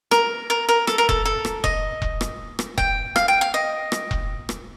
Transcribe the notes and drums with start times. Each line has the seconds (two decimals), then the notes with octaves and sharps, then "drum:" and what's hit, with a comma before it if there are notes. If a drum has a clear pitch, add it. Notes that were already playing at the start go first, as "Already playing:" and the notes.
0.11 A#4, drum: rim click
0.50 A#4
0.69 A#4
0.87 A4, drum: rim click
0.98 A#4
1.09 A4, drum: kick E1
1.25 A4
1.45 drum: rim click
1.64 D#5, drum: kick E1
2.02 drum: kick E1
2.21 drum: rim click
2.59 drum: rim click
2.78 G5, drum: kick E1
3.16 F5, drum: rim click
3.28 G5
3.41 F5
3.54 D#5
3.92 drum: rim click
4.11 drum: kick E1
4.49 drum: rim click